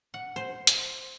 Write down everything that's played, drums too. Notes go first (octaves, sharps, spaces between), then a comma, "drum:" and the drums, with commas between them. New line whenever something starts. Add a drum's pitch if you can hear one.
F#5
C5
drum: hi-hat